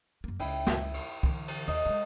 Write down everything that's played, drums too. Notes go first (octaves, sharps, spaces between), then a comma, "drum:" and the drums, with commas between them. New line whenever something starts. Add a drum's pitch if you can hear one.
F#2 A#3
C#2 E4 G5, drum: cymbal
drum: snare
drum: cymbal
D3 E3, drum: kick C2
drum: cymbal
D#2 D#5
G2 G#3